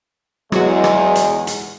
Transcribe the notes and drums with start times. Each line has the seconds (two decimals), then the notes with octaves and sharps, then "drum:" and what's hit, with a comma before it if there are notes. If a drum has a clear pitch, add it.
0.52 E2 F#3 G#3 F#4, drum: rim click
0.84 drum: rim click
1.15 drum: hi-hat
1.47 drum: hi-hat